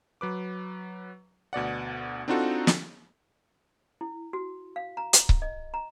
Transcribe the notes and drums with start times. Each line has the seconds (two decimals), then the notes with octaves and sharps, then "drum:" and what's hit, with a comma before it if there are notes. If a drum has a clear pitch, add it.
0.21 F#3 B4 D6
1.53 D2 B2 D5 F#5
2.28 C4 D4 D#4 F4 F#4 A4
2.67 drum: snare
4.01 E4
4.33 F#4
4.76 F5
4.97 A#5
5.13 drum: hi-hat
5.29 drum: kick C#1
5.42 D#5
5.74 A#5